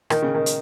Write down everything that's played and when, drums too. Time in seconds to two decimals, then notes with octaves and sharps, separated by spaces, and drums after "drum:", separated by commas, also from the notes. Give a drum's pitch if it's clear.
0.10 D#3, drum: rim click
0.22 C#3
0.35 D#3
0.46 drum: hi-hat